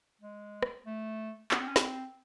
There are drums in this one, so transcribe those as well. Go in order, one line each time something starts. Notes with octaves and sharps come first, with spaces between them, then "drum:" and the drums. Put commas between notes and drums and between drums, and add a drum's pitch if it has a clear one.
G#3
drum: rim click
A3
B3, drum: clap
C4
C#4
C4, drum: snare